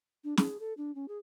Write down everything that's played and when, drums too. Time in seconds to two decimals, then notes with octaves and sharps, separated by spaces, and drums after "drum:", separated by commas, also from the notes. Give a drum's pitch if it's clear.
0.24 D4
0.37 G#4, drum: snare
0.60 A4
0.77 D4
0.95 C#4
1.08 G#4